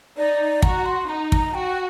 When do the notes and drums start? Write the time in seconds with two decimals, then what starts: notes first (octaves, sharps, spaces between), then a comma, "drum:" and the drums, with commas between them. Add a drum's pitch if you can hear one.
0.17 D#4 D5
0.62 F#4 A#5, drum: kick
0.86 C6
1.08 D#4 A#5
1.32 A#5, drum: kick
1.54 F#4 G5